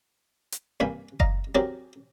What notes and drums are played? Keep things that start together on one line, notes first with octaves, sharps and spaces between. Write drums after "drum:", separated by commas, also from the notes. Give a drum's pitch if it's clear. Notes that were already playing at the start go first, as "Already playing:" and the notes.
drum: hi-hat
C2 G2 A#3 G#5 B5
D5 D#5 F5 A#5, drum: kick F#1
F#3 C4 G4 G#4 A#4 D5